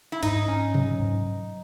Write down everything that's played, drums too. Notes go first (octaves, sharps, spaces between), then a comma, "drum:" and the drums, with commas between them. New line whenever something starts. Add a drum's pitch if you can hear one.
E4
G#2 D#4, drum: cymbal
C#4
F#3, drum: tom B2
G#2